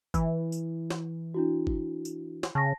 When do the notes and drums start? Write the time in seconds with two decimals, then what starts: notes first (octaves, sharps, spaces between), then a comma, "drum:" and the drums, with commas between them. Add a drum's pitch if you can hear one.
0.14 E3, drum: kick, tambourine
0.52 drum: tambourine
0.90 drum: snare
1.34 D4 E4 F#4
1.67 drum: kick
2.05 drum: tambourine
2.43 drum: snare
2.55 C#3 A5 A#6